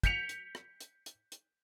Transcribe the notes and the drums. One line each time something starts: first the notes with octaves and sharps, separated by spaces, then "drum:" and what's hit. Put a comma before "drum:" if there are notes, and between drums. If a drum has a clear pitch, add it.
G6 B6 C#7 F7, drum: kick, hi-hat
drum: hi-hat
drum: rim click
drum: hi-hat
drum: hi-hat
drum: hi-hat